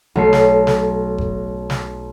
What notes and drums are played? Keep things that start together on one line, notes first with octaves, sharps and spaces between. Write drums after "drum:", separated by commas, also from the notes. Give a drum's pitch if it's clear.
B1 A3 C7
drum: snare
drum: snare
drum: kick F#1
drum: snare